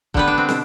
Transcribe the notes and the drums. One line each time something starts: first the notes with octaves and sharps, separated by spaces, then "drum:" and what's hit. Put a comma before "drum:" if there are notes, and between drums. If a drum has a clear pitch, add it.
D3 G3 B3 B4, drum: kick
D4
C4
B2, drum: snare